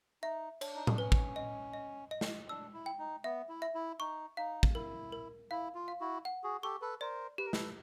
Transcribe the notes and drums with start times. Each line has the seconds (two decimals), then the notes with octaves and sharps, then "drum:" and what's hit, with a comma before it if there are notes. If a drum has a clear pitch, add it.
0.23 D#4 E5
0.61 D4 C#5, drum: cymbal
0.75 D#4
0.87 D4, drum: tom A2
0.98 C#4 B4
1.12 drum: kick
1.36 D#5
1.74 D#5
2.11 D#5
2.21 drum: snare
2.49 D4 E6
2.74 E4
2.86 G5
2.99 D#4
3.24 B3 E5
3.49 E4
3.62 E5
3.75 E4
4.00 D#4 C#6
4.37 D#4 F5
4.63 drum: kick
4.75 E4 A#4
5.12 A#4
5.51 E4 F5
5.75 F4
5.88 F5
6.00 E4 F#4
6.25 F#5
6.44 F#4 G#4
6.63 G4 A4 C#6
6.81 A4 B4
7.01 A#4 C5 D5
7.38 G4 B4
7.46 A#4
7.53 A4 B4, drum: snare